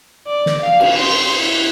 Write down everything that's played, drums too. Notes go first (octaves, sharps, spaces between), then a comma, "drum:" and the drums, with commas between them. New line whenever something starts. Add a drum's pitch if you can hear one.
D5
drum: snare
F5
drum: cymbal
C6
E4